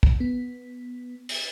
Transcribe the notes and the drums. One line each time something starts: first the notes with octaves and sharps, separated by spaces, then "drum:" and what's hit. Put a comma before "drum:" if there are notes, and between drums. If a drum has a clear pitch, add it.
drum: kick
B3
drum: open hi-hat